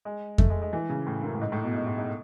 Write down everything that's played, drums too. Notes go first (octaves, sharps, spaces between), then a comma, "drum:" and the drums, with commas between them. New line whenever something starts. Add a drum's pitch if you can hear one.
G#3
A3, drum: kick F2
G#3
G#3
E3
C#3
A2
F#2
A2
G#2
A2
B2
G#2
G#2
G#2